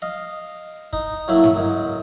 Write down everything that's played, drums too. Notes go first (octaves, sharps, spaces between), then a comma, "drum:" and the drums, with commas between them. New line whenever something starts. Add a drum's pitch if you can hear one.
D#5 F5
D#4, drum: kick
A2 F#3 A3 A#3 E4
drum: tom G2
C#2 F#2